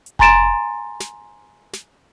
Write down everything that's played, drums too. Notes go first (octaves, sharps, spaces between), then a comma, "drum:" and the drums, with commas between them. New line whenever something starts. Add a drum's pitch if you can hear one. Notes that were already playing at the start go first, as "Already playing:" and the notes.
drum: hi-hat
G#5 A#5 C6 A6 D7 E7, drum: kick F1
drum: snare
drum: snare